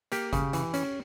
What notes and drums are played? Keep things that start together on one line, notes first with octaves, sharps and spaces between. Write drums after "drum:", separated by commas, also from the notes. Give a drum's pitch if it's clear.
A#3 G4, drum: hi-hat
C#3, drum: kick G1, hi-hat
E3, drum: hi-hat
C#4, drum: hi-hat